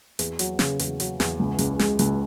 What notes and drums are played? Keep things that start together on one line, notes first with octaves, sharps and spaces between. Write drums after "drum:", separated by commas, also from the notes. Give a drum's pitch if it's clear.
E2, drum: hi-hat
F#3, drum: hi-hat
C#3, drum: snare
E2, drum: hi-hat
F#3, drum: hi-hat
E2, drum: snare
C#2
C#2, drum: hi-hat
G#3, drum: snare
C#2, drum: hi-hat